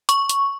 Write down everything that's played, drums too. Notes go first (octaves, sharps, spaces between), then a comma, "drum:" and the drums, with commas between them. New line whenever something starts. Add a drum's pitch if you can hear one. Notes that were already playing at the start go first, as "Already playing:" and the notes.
C#6, drum: hi-hat
drum: hi-hat